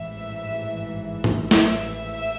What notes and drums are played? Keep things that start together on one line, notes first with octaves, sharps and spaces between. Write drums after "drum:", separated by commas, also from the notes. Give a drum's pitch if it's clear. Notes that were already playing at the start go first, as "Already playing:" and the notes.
Already playing: A1 G#2 E3 E5
drum: tom G#2
E5, drum: snare